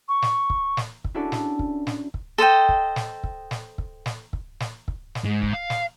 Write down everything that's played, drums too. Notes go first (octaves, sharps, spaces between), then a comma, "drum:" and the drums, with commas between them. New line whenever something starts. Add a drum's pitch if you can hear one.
C#6
drum: snare
drum: kick
drum: snare
drum: kick
C#4 D4 E4 F#4 A4 D5
drum: snare
drum: kick
drum: snare
drum: kick
A4 C5 D#5 G5
drum: kick
drum: snare
drum: kick
drum: snare
drum: kick
drum: snare
drum: kick
drum: snare
drum: kick
drum: snare
G#2
drum: kick
F5
drum: snare